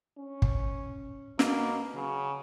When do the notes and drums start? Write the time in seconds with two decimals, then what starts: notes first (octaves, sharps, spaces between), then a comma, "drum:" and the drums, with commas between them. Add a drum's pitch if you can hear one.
0.19 C#4
0.42 drum: kick
1.39 B2 A#3, drum: snare
1.95 C#3 F#3